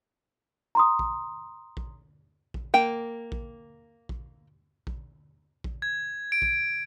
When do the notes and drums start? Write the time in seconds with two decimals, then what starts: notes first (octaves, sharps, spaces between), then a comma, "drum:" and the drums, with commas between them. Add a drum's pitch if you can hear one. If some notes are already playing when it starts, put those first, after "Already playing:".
0.75 A#5 C6 D#6
0.99 drum: kick A#1
1.77 drum: kick A#1
2.54 drum: kick A#1
2.74 A#3 G5
3.32 drum: kick A#1
4.09 drum: kick A#1
4.87 drum: kick A#1
5.64 drum: kick A#1
5.82 G#6
6.32 D7
6.42 drum: kick A#1